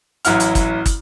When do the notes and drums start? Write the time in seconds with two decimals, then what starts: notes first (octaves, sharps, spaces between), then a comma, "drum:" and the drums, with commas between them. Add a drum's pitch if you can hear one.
0.25 A1 F#3 E4 F#5 F6, drum: hi-hat
0.40 drum: hi-hat
0.55 drum: kick, hi-hat
0.86 drum: kick, hi-hat